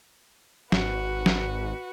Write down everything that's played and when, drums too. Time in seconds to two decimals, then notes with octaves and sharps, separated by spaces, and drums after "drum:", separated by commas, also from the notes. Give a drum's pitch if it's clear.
0.72 G#1 F#4 B4, drum: snare
1.26 drum: snare